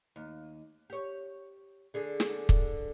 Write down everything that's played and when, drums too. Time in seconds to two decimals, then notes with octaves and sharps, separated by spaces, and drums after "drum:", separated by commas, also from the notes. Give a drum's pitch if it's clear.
0.16 D#2
0.90 G4 C#5
1.94 D3 G#4
2.20 drum: snare
2.49 drum: kick